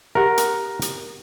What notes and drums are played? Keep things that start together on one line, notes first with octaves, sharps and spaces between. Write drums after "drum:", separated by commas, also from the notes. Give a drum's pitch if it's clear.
G4 A#4 E5 F#5
drum: hi-hat
drum: hi-hat